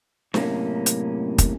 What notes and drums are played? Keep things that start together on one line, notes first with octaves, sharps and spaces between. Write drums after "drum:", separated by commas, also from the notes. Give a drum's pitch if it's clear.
F#2 A2 C3 A#3 C#4, drum: snare
drum: hi-hat
drum: kick, hi-hat